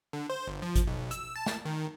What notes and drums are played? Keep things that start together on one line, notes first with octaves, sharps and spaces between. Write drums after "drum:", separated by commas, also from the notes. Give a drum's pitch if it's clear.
D3
C5
G1
F3
drum: kick G#1, hi-hat
B1
E6, drum: hi-hat
A5
drum: snare
D#3